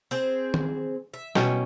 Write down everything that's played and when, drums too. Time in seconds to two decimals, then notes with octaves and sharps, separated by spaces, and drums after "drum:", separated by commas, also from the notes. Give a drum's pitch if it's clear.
0.11 C4 G#4 C5
0.54 drum: tom
1.14 E5
1.35 B2 C#4 G5, drum: snare